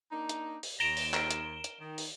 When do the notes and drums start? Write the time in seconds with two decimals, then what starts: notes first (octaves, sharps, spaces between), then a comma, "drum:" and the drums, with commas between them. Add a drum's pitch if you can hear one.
0.11 A#3 D4 D#4
0.29 drum: hi-hat
0.63 drum: open hi-hat
0.80 D#2 A#5 D7 E7 G7
0.97 drum: open hi-hat
1.14 A#4, drum: clap
1.31 drum: hi-hat
1.64 drum: hi-hat
1.81 D#3
1.98 drum: open hi-hat